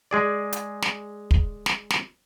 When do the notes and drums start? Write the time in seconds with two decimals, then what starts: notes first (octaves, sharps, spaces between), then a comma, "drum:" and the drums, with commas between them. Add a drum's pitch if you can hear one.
0.11 G#3 G#4 D5
0.53 drum: hi-hat
0.82 drum: snare
1.31 drum: kick
1.66 drum: snare
1.90 drum: snare